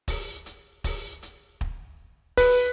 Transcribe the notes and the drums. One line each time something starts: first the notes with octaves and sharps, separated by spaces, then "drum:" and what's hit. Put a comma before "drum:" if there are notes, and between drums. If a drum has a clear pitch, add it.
drum: kick, open hi-hat
drum: hi-hat
drum: kick, open hi-hat
drum: hi-hat
drum: kick
B4, drum: kick, open hi-hat